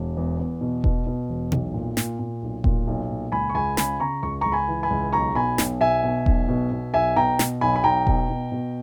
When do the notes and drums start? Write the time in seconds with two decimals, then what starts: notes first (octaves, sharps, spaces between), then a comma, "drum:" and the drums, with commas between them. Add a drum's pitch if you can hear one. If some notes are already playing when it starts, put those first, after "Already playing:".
Already playing: E1
0.17 E2
0.39 E2
0.61 B2
0.84 B2, drum: kick E1
1.07 B2
1.29 E1
1.52 B1, drum: tom B2
1.74 A#2
1.97 A#2, drum: snare
2.19 A#2
2.42 B1
2.64 A#2, drum: kick E1
2.87 B1
3.10 A#2
3.32 C#2 G#5 B5
3.50 C#6
3.55 C#2 G#5 B5
3.77 C#3 G#5 B5, drum: snare
4.00 C#3 A#5 C#6
4.23 C#2 C#6
4.41 C#2 A#5 C#6
4.52 G#5 B5
4.68 E3
4.83 G#5 B5
4.90 C#2
5.12 B1 A#5 C#6
5.35 B2 G#5 B5
5.58 B1, drum: snare
5.81 B2 E5 G#5
6.03 B2
6.26 B1, drum: kick E1
6.48 B2
6.71 B2
6.94 B1 E5 G#5
7.16 B2 G5 A#5
7.39 B2, drum: snare
7.61 B1 G#5 B5
7.76 B5
7.83 B1 G5 A#5
8.07 B2, drum: kick E1
8.30 B2
8.52 B2